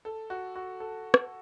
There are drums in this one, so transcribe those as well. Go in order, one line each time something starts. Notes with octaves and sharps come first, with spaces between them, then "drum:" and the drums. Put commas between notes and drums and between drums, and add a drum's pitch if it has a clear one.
A4
F#4
F#4
A4
drum: rim click